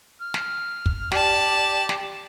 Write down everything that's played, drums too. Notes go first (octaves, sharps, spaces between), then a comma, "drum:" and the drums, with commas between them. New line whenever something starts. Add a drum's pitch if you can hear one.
F6
drum: snare
drum: kick
G4 D5 A5, drum: snare
drum: snare